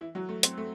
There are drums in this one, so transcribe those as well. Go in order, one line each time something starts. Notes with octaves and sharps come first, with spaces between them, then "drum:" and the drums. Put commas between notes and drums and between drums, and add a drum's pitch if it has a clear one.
E3 E4
F#3 F#4
A3
C4, drum: hi-hat
A3